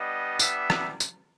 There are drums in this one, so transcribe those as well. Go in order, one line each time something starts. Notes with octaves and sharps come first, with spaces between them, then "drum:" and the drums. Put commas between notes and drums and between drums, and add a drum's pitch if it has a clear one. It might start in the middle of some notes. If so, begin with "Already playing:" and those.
Already playing: G3 B3 D4 D#5
E5, drum: tambourine
drum: rim click
drum: tambourine